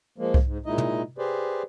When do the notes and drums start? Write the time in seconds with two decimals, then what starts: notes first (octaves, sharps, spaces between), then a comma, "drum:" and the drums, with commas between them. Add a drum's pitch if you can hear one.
0.18 F3 G#3 A#3
0.34 drum: kick C2
0.45 G#2
0.66 A#2 G#3 D#4 E4 D#5
0.78 drum: tom
1.18 G4 G#4 B4 C5 D5